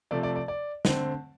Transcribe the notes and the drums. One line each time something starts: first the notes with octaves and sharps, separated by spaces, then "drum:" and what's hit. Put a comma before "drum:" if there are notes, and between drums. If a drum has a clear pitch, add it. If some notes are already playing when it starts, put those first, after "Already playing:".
C3 F3 A3 D5
D5
D5
D5
D3 A3 C4, drum: snare